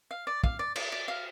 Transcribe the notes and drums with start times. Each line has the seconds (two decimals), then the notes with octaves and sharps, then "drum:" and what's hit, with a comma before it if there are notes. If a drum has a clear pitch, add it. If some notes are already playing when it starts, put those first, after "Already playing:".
0.11 F5
0.27 D5
0.44 F5, drum: kick
0.59 D5
0.76 D5, drum: cymbal
0.92 D5
1.08 F5